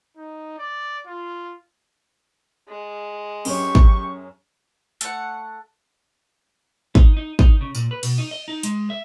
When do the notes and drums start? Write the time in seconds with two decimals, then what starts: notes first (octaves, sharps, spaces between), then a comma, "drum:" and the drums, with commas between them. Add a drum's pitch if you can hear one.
0.17 D#4
0.58 D5
1.06 F4
2.68 G#3
3.45 F#2 C#4 G4 C#6, drum: open hi-hat
3.75 drum: kick
5.01 A3 F#5, drum: hi-hat
6.95 D#4, drum: kick
7.17 D#4
7.39 D#4, drum: kick
7.61 C#3
7.75 A#2, drum: tambourine
7.91 B4
8.03 B2, drum: cymbal
8.18 D#4
8.31 D#5
8.48 D#4
8.63 G#3, drum: hi-hat
8.90 E5